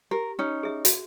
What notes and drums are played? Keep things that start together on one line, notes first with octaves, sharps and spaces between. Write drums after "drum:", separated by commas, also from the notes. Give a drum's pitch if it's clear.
G4 A#4
C#4 D#4
G#4 E5
F#4, drum: hi-hat